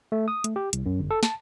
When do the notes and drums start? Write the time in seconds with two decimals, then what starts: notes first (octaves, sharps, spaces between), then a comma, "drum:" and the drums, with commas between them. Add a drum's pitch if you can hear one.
0.12 A3
0.28 D#6
0.44 A3, drum: hi-hat
0.56 G4
0.73 C2, drum: hi-hat
0.86 F#2
0.99 G1
1.11 A4
1.23 A5, drum: snare